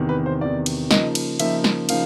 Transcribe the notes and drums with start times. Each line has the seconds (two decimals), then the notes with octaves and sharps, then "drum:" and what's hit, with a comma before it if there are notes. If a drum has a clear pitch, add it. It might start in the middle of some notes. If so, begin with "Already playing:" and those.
Already playing: E2 C3 D#3
0.09 B4
0.26 C5
0.41 E2 C3 D#3 D5
0.66 drum: cymbal
0.91 C#3 F3 A#3 D#4 D#5, drum: snare
1.15 drum: cymbal
1.40 C#3 F3 A#3 D#4 E5, drum: cymbal
1.64 drum: snare
1.89 C#3 F3 A#3 D#4 F5, drum: cymbal